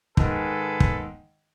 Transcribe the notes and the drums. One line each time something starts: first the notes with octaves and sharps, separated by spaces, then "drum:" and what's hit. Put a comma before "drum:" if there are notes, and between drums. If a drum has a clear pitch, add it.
G#2 D#3 G#4 A4 B4, drum: kick
drum: kick